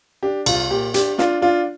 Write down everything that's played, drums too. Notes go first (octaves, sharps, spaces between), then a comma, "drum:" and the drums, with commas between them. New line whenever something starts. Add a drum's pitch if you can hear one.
D4 G4
C2 F4, drum: cymbal
A#2 G4
D4 G4, drum: hi-hat
D4 F4, drum: snare
D4 F4